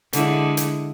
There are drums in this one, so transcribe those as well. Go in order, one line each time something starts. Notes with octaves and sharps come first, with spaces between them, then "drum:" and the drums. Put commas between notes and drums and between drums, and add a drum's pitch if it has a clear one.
D3 G#3 E4, drum: hi-hat
drum: hi-hat